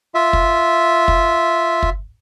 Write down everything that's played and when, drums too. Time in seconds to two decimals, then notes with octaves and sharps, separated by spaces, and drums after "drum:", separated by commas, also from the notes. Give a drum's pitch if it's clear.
0.15 F4 E5
0.33 drum: kick
1.08 drum: kick
1.83 drum: kick